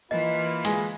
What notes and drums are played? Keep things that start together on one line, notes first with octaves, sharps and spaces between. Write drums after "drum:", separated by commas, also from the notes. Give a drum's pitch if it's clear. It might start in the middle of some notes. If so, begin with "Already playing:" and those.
E3 A#3 F4 B4 D#5
G#3, drum: hi-hat